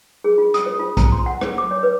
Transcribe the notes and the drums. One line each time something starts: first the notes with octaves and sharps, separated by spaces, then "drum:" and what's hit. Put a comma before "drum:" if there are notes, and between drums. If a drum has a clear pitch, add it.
G#4
F4
D#6, drum: hi-hat
C5
F4
A#5, drum: kick, hi-hat
C6
F#5
C5, drum: rim click
D6
C#5
B4